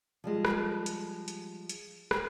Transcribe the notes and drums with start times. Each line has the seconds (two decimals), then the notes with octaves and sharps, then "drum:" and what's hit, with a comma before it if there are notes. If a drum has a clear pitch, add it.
0.24 F3 G3 G#3
0.45 drum: rim click
0.86 drum: hi-hat
1.28 drum: hi-hat
1.69 drum: hi-hat
2.11 drum: rim click